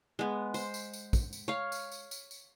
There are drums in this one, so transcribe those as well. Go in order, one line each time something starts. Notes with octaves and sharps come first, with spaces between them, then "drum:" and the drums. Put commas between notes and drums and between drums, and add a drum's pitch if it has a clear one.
G#3 B3
C5, drum: tambourine
drum: tambourine
drum: tambourine
drum: kick, tambourine
drum: tambourine
C#5 F5
drum: tambourine
drum: tambourine
drum: tambourine
drum: tambourine